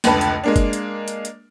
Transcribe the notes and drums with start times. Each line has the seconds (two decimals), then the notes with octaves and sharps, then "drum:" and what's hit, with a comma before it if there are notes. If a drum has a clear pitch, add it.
0.04 F1 C#2 D3 B4 A5, drum: snare
0.21 drum: hi-hat
0.44 G#3 A#3 D4
0.56 drum: kick F#1, hi-hat
0.73 drum: hi-hat
1.08 drum: hi-hat
1.25 drum: hi-hat